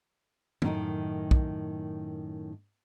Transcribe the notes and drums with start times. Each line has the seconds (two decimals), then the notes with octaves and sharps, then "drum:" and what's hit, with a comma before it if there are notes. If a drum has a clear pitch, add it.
0.62 F#2 A2 D#3 D#4, drum: tom
1.31 drum: kick